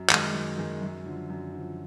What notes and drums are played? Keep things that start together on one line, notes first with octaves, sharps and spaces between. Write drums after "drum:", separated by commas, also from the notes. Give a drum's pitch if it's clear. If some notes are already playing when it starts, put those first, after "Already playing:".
Already playing: F#2
D#3 G#3, drum: clap
F#2
D#3 G#3
F#2
D3 F3
F#2
D3 F3